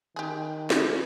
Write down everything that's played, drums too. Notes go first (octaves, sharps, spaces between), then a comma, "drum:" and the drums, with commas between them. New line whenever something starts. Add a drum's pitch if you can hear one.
D#3 G4 G#4
drum: snare